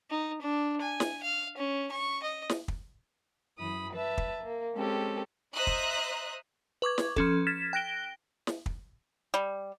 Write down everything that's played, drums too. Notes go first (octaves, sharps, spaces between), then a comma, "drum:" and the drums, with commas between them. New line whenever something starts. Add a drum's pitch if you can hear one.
D#4
D4
G#5
drum: snare
F5
C#4
C#6
D#5
drum: snare
drum: kick
F#2 E3 B5 D#6
B4 E5 A5
drum: kick
A#3
G#3 C4 C#4 G4 A4
C5 D#5 E5 A#5 D#6 F#6
drum: kick
B4 C#6 D6 G#6
drum: snare
F3 C#4 A4, drum: kick
F6 G#6 A6 B6 E7
G5 F#6 A#6 D7 G7
drum: snare
drum: kick
G3